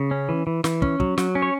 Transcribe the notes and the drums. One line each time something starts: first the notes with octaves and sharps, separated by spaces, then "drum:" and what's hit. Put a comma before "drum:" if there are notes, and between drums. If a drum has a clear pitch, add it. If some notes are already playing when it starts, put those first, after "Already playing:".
Already playing: C#3
C#4
E3
E3
E3, drum: snare
C#4, drum: kick
F#3, drum: kick
F#3, drum: snare
C#4
C#5